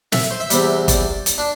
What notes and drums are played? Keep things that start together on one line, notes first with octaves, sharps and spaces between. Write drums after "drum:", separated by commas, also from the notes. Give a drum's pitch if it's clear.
E5, drum: snare
C5
E5
E2 C3 G3, drum: hi-hat
D5, drum: kick G1, hi-hat
drum: hi-hat
D4